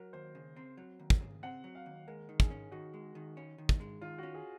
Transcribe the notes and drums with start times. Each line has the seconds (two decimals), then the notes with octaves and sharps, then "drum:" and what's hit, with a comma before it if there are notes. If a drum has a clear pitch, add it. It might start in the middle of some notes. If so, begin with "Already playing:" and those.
Already playing: F#3 A#4
0.13 D#2 C5
0.35 C#3
0.56 C4
0.77 F#3
0.99 D#2
1.10 drum: kick
1.21 C#3
1.43 C4 F#5
1.64 F#3
1.75 F5
1.86 D#2
2.08 G#3 A#4
2.29 D#3
2.40 G#4, drum: kick
2.50 C#4
2.72 D#3 F#4
2.94 G#3
3.15 D#3
3.37 C#4
3.58 D#3
3.69 drum: kick
3.80 G#3
4.01 D#3 F4
4.18 F#4
4.23 C#4
4.34 G#4